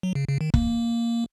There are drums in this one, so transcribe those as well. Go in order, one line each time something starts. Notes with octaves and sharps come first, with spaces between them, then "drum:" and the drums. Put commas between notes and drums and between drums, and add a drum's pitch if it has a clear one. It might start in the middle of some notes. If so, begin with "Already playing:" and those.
F#3
C#3
C#3
D#3
A#3, drum: kick